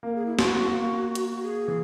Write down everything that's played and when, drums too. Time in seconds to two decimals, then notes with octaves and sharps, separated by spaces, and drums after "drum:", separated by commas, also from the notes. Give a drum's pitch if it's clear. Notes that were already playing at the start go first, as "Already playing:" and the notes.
0.03 A#3 A#4
0.15 G#4
0.26 E4
0.39 F#4, drum: snare
0.73 A#3
1.15 drum: hi-hat
1.42 G#4
1.68 E3